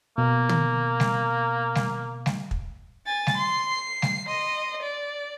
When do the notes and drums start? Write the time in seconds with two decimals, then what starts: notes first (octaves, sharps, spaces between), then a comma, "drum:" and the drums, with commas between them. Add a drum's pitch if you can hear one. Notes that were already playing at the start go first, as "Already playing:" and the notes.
0.18 B2 A#3
0.49 drum: tom
1.00 drum: snare
1.75 drum: snare
2.26 drum: snare
2.51 drum: kick
3.06 G#5 A6
3.27 drum: snare
3.37 C6
3.71 C7
4.02 drum: snare
4.27 D#5 C6
4.82 D5